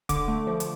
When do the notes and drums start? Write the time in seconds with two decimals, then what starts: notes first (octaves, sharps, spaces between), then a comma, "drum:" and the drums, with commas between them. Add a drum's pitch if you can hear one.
0.09 D3 D6, drum: kick, hi-hat
0.28 A3
0.47 F3
0.60 drum: hi-hat